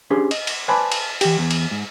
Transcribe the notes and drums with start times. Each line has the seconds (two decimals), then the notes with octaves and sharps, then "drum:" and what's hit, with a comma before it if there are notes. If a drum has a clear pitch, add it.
0.10 C#4 D4 G4 G#4 C5
0.31 D#5, drum: cymbal
0.47 drum: cymbal
0.68 B4 C5 D5 G#5 A5 B5
0.92 drum: cymbal
1.21 E3 G4, drum: cymbal
1.39 E2
1.51 drum: cymbal
1.71 G#2